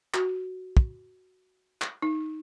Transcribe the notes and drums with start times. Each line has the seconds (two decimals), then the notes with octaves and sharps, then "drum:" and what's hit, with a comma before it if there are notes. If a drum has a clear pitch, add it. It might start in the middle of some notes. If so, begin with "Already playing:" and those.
0.14 F#4, drum: clap
0.77 drum: kick
1.82 drum: clap
2.02 D#4